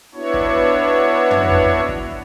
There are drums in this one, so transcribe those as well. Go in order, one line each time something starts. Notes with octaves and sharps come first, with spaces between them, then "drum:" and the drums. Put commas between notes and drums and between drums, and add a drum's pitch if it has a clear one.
B3 D4 E4 F#4 C#5
drum: kick
drum: tom
drum: kick
drum: kick